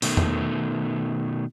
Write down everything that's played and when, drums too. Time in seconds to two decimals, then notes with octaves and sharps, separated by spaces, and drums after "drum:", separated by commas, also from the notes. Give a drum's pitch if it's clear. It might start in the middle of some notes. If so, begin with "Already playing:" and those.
0.02 B2 D#3 A3, drum: open hi-hat
0.17 drum: tom E2